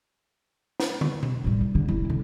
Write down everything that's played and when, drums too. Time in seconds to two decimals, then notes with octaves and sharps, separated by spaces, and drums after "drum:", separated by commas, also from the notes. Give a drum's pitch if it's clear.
0.80 drum: snare
1.01 drum: tom
1.23 drum: tom B2
1.44 A2 G3
1.61 B1
1.75 D3
1.88 F1 E4
2.10 D3